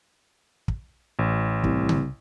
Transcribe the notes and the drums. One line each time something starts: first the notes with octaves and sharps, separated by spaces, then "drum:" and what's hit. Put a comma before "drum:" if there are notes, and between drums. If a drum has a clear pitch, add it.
drum: kick
A1
C2, drum: kick
drum: tom C#3